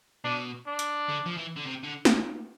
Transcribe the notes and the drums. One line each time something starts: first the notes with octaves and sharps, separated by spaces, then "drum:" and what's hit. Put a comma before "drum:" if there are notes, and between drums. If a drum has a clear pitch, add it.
B2 D4
D4
drum: hi-hat
D3
F3
E3
D3
C3
D3
drum: snare